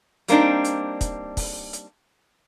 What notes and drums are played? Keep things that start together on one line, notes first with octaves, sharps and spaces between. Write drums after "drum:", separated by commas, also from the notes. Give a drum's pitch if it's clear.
G3 A#3 C4 D4 D#4, drum: hi-hat
drum: hi-hat
drum: kick, hi-hat
drum: kick, open hi-hat
drum: hi-hat